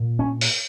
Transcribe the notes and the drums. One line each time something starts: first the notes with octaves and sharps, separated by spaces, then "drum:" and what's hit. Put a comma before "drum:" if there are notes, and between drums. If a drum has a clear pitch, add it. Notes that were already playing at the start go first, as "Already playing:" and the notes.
Already playing: A#2
C#4
drum: open hi-hat